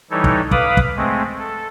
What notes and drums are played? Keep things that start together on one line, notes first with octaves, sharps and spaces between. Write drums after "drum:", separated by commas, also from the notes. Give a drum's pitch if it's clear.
E3 G3 D#4 E4 A4 C#5
drum: kick
B4 F5 B5 D6 D#6, drum: kick
drum: kick
G#3 A3 C4
A4